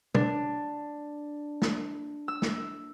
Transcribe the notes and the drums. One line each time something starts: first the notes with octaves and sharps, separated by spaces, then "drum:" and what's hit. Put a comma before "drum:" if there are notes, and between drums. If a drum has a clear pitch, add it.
D4, drum: tom
drum: snare
E6
drum: snare